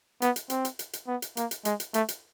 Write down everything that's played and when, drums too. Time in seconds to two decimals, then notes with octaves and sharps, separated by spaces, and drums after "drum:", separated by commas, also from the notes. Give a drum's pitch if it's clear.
0.22 B3, drum: hi-hat
0.36 drum: hi-hat
0.50 C4, drum: hi-hat
0.65 drum: hi-hat
0.79 drum: hi-hat
0.93 drum: hi-hat
1.07 B3
1.22 drum: hi-hat
1.37 A#3, drum: hi-hat
1.51 drum: hi-hat
1.65 G#3, drum: hi-hat
1.80 drum: hi-hat
1.94 A3, drum: hi-hat
2.09 drum: hi-hat